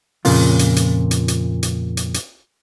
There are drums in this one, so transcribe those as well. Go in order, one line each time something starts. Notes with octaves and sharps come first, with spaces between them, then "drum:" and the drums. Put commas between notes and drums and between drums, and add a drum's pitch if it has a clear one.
F2 A#2 C#3 A#3 F4, drum: open hi-hat
drum: hi-hat
drum: hi-hat
drum: hi-hat
drum: hi-hat
drum: hi-hat
drum: hi-hat
drum: hi-hat